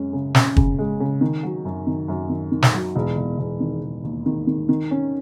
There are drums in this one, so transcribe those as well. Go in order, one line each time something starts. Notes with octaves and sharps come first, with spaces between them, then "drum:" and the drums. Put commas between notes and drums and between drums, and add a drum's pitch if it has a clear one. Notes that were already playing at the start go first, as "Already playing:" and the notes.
Already playing: F#2 G#3 C#4
C#3
C#4, drum: snare
C#3, drum: kick
G#3
C#3
D#3
F#3
F#2
D#3
F#2
D#3
D#3
drum: snare
F#3
E1
E1
E1
D#3
E1
D#2
D#3
D#3
D#3
C#4